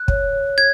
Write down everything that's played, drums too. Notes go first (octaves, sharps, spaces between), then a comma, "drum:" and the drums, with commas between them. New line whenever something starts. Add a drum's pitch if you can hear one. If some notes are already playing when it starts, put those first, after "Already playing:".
Already playing: F#6
C#5, drum: kick
G#6